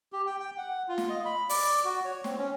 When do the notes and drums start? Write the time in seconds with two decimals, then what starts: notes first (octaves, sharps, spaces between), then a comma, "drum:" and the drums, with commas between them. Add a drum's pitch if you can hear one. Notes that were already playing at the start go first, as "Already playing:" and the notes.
0.13 G4
0.27 G5
0.40 G5
0.58 F#5
0.88 F4
0.98 drum: snare
1.10 D#5
1.25 B5
1.49 D5, drum: open hi-hat
1.84 F#4
2.05 C#5
2.24 C4, drum: snare
2.38 C#4